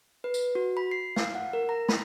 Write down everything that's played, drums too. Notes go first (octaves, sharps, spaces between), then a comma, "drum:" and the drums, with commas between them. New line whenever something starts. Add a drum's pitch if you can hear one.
B4
drum: tambourine
F#4
B5
C7
F5, drum: snare
F#5
A#4
A#5
B5, drum: snare